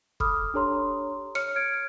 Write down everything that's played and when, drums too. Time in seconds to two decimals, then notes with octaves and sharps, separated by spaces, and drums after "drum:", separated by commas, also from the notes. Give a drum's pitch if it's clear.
0.20 A4 B5 D6 D#6 F6, drum: kick
0.54 D4 G4 A4 C#5 A#5 C6
1.35 C#5 F6 C#7, drum: rim click
1.56 F6 G#6 D7